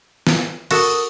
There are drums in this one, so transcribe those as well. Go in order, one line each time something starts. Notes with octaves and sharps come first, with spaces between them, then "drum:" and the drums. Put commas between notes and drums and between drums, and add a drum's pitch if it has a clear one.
drum: snare
F#4 A4 A#4 D#6, drum: cymbal